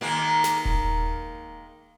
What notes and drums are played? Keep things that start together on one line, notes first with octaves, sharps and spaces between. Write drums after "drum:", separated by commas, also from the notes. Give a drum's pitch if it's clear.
D#3 G#3 A#3
drum: snare
drum: kick D#1